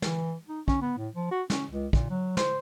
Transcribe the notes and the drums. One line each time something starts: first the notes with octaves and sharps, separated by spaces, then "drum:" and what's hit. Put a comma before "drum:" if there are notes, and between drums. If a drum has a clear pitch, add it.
E3, drum: snare
D#4
C#4, drum: kick
B3
A2
F3
F#4
C#4, drum: snare
C#2
A#2, drum: kick
F#3
C5, drum: snare